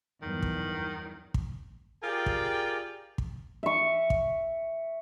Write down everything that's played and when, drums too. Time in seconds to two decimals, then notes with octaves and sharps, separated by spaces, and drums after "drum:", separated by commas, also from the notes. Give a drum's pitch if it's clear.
0.22 E2 G2 D#3 F#3
0.42 drum: kick
1.34 drum: kick
2.03 F4 G4 G#4 A#4 D5 G5
2.26 drum: kick
3.18 drum: kick
3.63 E5 C#6
4.10 drum: kick